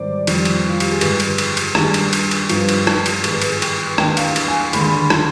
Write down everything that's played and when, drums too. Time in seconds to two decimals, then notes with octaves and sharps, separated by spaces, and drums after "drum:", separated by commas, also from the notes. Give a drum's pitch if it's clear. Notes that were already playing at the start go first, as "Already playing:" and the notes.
Already playing: G#2 D#3 G3 B3 C5 D5
0.27 F2 D#3 G3, drum: cymbal
0.45 drum: cymbal
0.69 F4
0.80 G4, drum: cymbal
0.91 G#4
1.01 G2 D3 G#3 B4, drum: cymbal
1.20 drum: cymbal
1.38 drum: cymbal
1.57 drum: cymbal
1.75 D#2 D#3 G3 D4 G#4, drum: rim click
1.94 drum: cymbal
2.13 drum: cymbal
2.31 drum: cymbal
2.49 G2 F3 B3 D#4, drum: cymbal
2.69 drum: cymbal
2.87 drum: rim click
3.06 drum: cymbal
3.24 G#2 D#3 G#3 B3 D#4 G#4, drum: cymbal
3.33 B4
3.42 G#4, drum: cymbal
3.62 G5, drum: cymbal
3.98 D#2 D#3 G#3 B3 D4 G5, drum: rim click
4.17 F5, drum: cymbal
4.23 G5
4.36 drum: cymbal
4.48 G#5
4.73 D#2 D3 G#3 D4 B5, drum: cymbal
4.81 C6
4.87 B5
5.10 drum: rim click